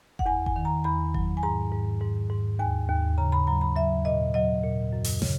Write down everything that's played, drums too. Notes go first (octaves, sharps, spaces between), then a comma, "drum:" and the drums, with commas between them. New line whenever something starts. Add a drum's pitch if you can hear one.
F#5, drum: kick F#1
E2 G#5
G#5, drum: kick F#1
D#3
A#5
E2 B5
F#3, drum: kick F#1
G#5
G#2 A#5
G#2
G#2
G#2
D#2 G#5
D#2
C#3 A#5
B5
F#3 A#5
B5
F#3 E5
A#2 D#5
F#3 D#5
A#2
F#2
drum: open hi-hat
C#3, drum: snare